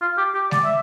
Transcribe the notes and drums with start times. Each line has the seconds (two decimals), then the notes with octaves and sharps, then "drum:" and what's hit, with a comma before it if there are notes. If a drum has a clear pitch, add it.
0.01 F4
0.18 G4
0.35 G4
0.51 D5, drum: snare G#3
0.64 E5